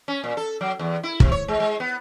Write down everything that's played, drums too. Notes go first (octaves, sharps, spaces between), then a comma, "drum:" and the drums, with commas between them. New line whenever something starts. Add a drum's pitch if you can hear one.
C#4
A#2
A4
F#3
E2
E4
C3, drum: kick
C#5
G#3
G#3
B3